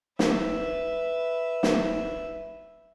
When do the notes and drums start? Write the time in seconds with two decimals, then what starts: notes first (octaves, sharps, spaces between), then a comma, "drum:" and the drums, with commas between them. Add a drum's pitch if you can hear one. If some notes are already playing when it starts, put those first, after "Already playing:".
0.19 B4 E5, drum: snare
1.63 drum: snare